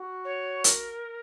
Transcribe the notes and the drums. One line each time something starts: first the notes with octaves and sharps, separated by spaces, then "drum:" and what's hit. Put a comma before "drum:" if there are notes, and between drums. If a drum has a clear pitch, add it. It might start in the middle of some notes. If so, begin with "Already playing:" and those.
Already playing: F#4
C#5
A#4, drum: hi-hat